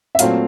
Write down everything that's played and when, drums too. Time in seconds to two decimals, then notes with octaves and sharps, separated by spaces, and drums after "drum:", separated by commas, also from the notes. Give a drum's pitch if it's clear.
0.15 E5
0.19 A#2 F#3 A3 C4 F5, drum: hi-hat